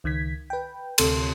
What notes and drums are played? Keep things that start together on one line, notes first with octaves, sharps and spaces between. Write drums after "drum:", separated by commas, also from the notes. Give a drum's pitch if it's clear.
C#2 D#3 G#6 B6
B4 G5
D2 C3 A4 C6, drum: cymbal